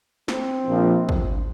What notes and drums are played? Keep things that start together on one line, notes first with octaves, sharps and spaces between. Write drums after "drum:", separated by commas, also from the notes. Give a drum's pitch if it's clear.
C4, drum: snare
A#1 A#2 F3
drum: kick